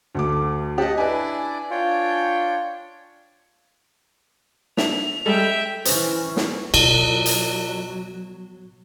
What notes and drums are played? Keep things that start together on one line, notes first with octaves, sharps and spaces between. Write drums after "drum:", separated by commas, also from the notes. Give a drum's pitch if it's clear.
D2 A3 D6
G4 D#5 F#5 A5
D4 E4 B4 D5 G#5
D4 F4 C#5 G5
D4 E5 F7, drum: snare
G3 G#3 A4 E5 G5
E3 C#4 B4 C5, drum: hi-hat
drum: snare
B2 F#3, drum: cymbal
drum: hi-hat